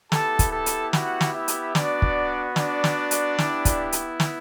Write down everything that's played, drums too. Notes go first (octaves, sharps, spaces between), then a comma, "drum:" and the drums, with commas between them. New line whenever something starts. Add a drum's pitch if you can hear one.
B3 E4 G4 A4 A5, drum: snare
drum: kick, hi-hat
A4 A5
drum: hi-hat
F#4 F#5, drum: snare
drum: snare
E4 E5
drum: hi-hat
B3 D4 F#4 D5, drum: snare
drum: kick
D4 D5, drum: snare
drum: snare
drum: hi-hat
B3 E4 G4, drum: snare
drum: kick, hi-hat
drum: hi-hat
drum: snare